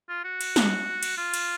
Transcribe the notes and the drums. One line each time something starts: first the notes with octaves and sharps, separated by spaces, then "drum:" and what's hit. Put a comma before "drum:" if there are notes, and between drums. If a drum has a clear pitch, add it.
F4
F#4
drum: cymbal
drum: snare
drum: cymbal
F4
drum: cymbal